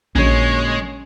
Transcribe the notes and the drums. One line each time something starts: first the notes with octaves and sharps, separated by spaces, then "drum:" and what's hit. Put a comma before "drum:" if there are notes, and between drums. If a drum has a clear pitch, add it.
A#2 D3 F#3 G#3 C#4 C#5, drum: kick A#1